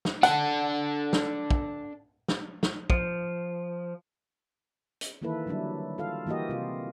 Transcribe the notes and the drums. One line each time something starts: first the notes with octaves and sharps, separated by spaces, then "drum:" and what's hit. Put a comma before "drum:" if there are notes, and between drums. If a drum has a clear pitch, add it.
drum: snare
D4 A4 F#5, drum: hi-hat
drum: snare
drum: kick
drum: snare
drum: snare
F3, drum: kick
drum: hi-hat
D#3 E3 A#3 E4 A4 B4
D3 F#3 G3 D4 E4
F4 A4 F5
E3 A#3 F#4 G4 D#5
C3 F4